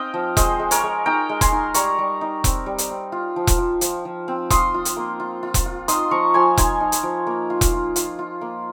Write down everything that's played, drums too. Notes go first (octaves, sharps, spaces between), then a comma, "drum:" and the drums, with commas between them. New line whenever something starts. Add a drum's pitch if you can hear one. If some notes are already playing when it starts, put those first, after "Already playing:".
Already playing: C4 D#4 D#5 F5 G5
F3
G#3 C5 D#5, drum: kick E1, hi-hat
G#3
A#4 C#5, drum: hi-hat
G#3
D#4 G5 A#5
G#3
G#5 C6, drum: kick E1, hi-hat
D#4
G3 A#5 C#6, drum: hi-hat
G3
D#4
C4, drum: kick E1, hi-hat
G3
drum: hi-hat
C4
F4
F3
drum: kick E1, hi-hat
F3
F3, drum: hi-hat
F3
C4
F4 C6 D#6, drum: kick E1, hi-hat
F4
drum: hi-hat
A#3
F4
F4
drum: kick E1, hi-hat
F4
D#4 C6 D#6, drum: hi-hat
F3 A#5 C#6
F3 G#5 C6
D#4 G#5 C6, drum: kick E1, hi-hat
D#4
drum: hi-hat
F3
A#3
F4
drum: kick E1, hi-hat
F4
F4, drum: hi-hat
F4
A#3